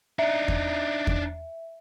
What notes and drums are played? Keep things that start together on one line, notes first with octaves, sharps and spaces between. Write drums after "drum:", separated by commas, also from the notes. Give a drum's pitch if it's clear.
D4 D#4 E5
drum: kick E2
drum: kick E2